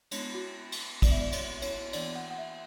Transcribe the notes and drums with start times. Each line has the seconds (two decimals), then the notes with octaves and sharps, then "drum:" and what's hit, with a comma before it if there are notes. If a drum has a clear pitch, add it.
0.11 G#3 B3 D4 C#5, drum: cymbal
0.34 F#4
0.72 drum: cymbal
1.02 G#3 B3 D4 D5, drum: kick, cymbal
1.11 E5
1.21 D5
1.32 C#5, drum: cymbal
1.62 C#5, drum: cymbal
1.93 E3 B3 D4 D5, drum: cymbal
2.15 F#5
2.31 F#5
2.38 E5